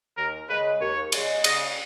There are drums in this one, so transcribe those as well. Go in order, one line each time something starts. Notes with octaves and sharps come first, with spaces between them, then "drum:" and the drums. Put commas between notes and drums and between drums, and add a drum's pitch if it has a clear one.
D#2 A#4
C#3 G#3 B4
D#2 C#5
C#3 G#3, drum: cymbal
C#3 D#5, drum: cymbal